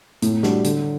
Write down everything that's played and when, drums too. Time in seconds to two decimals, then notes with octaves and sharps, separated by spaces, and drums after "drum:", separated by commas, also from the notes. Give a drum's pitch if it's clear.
0.22 A2, drum: hi-hat
0.43 G3 D4 F#4, drum: snare
0.64 D3, drum: hi-hat